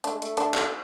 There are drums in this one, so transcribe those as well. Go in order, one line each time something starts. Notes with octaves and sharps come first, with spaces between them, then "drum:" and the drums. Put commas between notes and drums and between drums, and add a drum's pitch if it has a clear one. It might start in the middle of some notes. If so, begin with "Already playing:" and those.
A3 D4, drum: hi-hat
G#3
A3, drum: hi-hat
A3 D4, drum: hi-hat
drum: clap